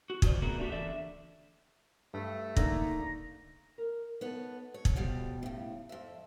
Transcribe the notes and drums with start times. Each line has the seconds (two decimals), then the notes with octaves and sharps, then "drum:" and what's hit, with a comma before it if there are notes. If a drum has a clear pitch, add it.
0.10 F#4
0.22 D#3 F4 C5 D5, drum: kick
0.42 A3 B3 C4 F#4 G#4 A#4
0.58 A3 D4 D#4 F#4 G4
0.72 D3 E3 D5 E5
2.14 G2 A3
2.57 D3 A#3 D#4 A#5, drum: kick
3.78 A#4
4.21 B3 D#4 A4 C#5
4.74 C#5
4.85 drum: kick
4.96 F2 B2 G3 F4
5.43 A2 C#3
5.89 F2 E5